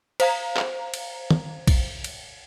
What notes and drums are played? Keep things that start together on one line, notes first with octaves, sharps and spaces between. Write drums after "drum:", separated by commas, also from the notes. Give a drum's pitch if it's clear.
C5 F5 A#5, drum: cymbal
drum: clap
drum: cymbal
drum: tom D#3
drum: kick, cymbal
drum: cymbal